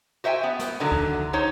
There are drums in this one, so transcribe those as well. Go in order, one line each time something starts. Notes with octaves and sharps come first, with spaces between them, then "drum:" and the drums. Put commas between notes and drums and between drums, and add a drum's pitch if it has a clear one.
F#4 C5 E5 G5 G#5
B3
drum: snare
A#2 D3 D#3 F#3
drum: kick C#2
D#4 C5 C#5